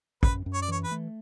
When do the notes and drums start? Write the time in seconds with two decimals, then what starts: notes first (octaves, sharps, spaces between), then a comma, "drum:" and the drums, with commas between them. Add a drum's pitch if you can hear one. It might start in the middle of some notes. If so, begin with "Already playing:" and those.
0.23 F#2 B4, drum: kick
0.46 F#2
0.53 C#5
0.62 D5
0.68 E3 C#5
0.84 B4
0.91 A3